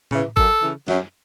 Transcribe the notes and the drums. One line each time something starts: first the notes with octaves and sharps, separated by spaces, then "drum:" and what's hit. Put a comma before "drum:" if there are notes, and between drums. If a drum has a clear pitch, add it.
C#3 E3, drum: tom A2
F#2 A4, drum: kick G#1
C#3 E3
F#2, drum: snare